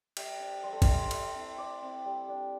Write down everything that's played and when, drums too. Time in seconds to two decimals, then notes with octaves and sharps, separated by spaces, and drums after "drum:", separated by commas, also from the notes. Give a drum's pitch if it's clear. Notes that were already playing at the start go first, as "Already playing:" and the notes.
0.17 G3 E5, drum: cymbal
0.40 D4
0.63 G3 C5
0.73 A4
0.82 C5, drum: kick G#1, cymbal
0.88 D4
1.11 A3 E5, drum: cymbal
1.34 C4 E4
1.57 A3 D5
1.82 C4 E4
2.05 G3
2.28 D4